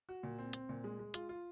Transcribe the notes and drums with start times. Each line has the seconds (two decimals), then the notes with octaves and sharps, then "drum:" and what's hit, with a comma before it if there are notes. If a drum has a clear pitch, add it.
0.09 F#4
0.23 A#2
0.38 C4
0.53 C4, drum: hi-hat
0.69 A#2
0.84 G#3
0.99 G#3
1.14 F4, drum: hi-hat
1.29 F4